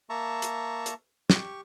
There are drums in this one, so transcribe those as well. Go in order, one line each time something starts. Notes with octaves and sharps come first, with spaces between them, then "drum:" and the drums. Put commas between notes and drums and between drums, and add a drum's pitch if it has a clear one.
A#3 E5 A5 A#5 C#6
drum: hi-hat
drum: hi-hat
G4 C#6, drum: snare